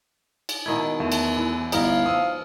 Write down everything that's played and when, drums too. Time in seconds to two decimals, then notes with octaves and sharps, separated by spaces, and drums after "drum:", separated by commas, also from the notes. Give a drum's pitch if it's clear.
0.49 drum: cymbal
0.66 B2 D#3 E4 A5 G#6
1.00 E2 A3
1.12 drum: cymbal
1.37 E3
1.72 G1 D2 D#4 E4 F5 A#5, drum: cymbal
2.06 F3 D#6 E6